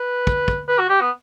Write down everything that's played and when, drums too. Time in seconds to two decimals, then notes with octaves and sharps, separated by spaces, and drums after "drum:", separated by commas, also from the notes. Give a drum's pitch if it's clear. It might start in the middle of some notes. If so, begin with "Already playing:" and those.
Already playing: B4
0.27 drum: kick
0.48 drum: kick
0.68 B4
0.79 F#4
0.89 G4
1.01 B3